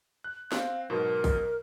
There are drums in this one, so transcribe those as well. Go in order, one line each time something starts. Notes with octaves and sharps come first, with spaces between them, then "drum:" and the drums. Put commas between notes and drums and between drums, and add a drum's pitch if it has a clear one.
F#6
C4 F5, drum: snare
G#2 B2 F#3 A#4
drum: kick, open hi-hat